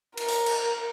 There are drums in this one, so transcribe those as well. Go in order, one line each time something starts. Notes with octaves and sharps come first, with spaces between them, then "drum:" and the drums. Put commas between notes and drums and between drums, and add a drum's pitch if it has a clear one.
A#4, drum: cymbal
drum: open hi-hat
drum: cymbal